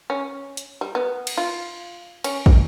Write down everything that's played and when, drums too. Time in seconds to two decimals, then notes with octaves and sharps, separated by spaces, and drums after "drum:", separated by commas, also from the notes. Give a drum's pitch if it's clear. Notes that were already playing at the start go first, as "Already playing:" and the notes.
0.10 C#4
0.57 drum: hi-hat
0.81 G3
0.95 B3
1.27 drum: cymbal
1.38 F4
2.24 C#4, drum: cymbal
2.46 drum: kick